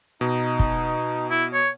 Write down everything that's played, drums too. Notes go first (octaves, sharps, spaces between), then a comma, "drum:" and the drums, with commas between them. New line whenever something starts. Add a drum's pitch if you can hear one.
B2 D#4
drum: kick
E4
C#5